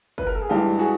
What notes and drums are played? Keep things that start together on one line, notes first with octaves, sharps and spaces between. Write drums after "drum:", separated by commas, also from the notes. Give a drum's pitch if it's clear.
B4, drum: kick
A#4
A4
G#4
G2 E3 G#3 F4 G4
F#4 G#4